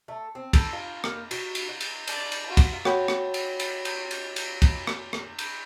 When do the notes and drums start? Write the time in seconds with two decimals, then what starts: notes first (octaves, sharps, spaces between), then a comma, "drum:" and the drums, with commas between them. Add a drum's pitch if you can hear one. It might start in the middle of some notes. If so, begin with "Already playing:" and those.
0.08 A3
0.35 C4
0.53 A4, drum: kick, cymbal
0.73 F4
1.04 A#3, drum: rim click
1.31 F#4, drum: cymbal
1.55 drum: cymbal
1.68 F#5
1.81 drum: cymbal
2.07 D5 A5, drum: cymbal
2.32 drum: cymbal
2.47 F4 F#4
2.57 drum: kick, cymbal
2.85 F#4 C#5 G5 B5, drum: rim click
3.08 drum: rim click
3.34 drum: cymbal
3.60 drum: cymbal
3.85 drum: cymbal
4.11 drum: cymbal
4.36 drum: cymbal
4.62 drum: kick, cymbal
4.87 drum: rim click
5.13 drum: rim click
5.39 drum: cymbal